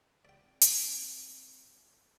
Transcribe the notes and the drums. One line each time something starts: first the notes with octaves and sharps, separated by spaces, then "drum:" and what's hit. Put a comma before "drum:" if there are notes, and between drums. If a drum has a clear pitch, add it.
C4 D5 G5
drum: hi-hat